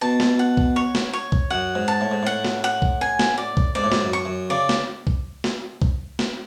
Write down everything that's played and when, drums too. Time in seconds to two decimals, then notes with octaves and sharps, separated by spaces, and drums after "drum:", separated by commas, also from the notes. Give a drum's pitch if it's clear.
0.01 B2 A5
0.20 drum: snare
0.39 F#5
0.57 drum: kick C2
0.76 C#5
0.95 drum: snare
1.13 C#5
1.32 drum: kick C2
1.50 F#2 F#5
1.75 G#2
1.88 A5
2.01 A2
2.11 G#2
2.23 A2 F#5
2.45 drum: snare
2.64 F#5
2.82 drum: kick C2
3.01 G#5
3.19 drum: snare
3.38 D5
3.57 drum: kick C2
3.75 G#2 D5
3.84 A2
3.92 G#2, drum: snare
4.01 F#2
4.13 C#6
4.25 F#2
4.50 C#3 D5
4.69 drum: snare
5.07 drum: kick C2
5.44 drum: snare
5.82 drum: kick C2
6.19 drum: snare